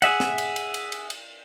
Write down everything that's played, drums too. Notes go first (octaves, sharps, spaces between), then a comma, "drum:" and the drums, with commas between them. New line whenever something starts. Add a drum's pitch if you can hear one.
G#4 E5 F#5, drum: cymbal
drum: snare
drum: cymbal
drum: cymbal
drum: cymbal
drum: cymbal
drum: cymbal